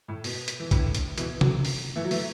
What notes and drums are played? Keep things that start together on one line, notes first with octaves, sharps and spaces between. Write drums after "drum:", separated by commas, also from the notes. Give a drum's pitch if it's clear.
A2
B2, drum: open hi-hat
drum: hi-hat
E3
A2 D3, drum: kick, hi-hat
drum: hi-hat
B2 E3, drum: hi-hat
D3 F#3, drum: tom
drum: open hi-hat
E3 A3
F#3
E3 A3, drum: open hi-hat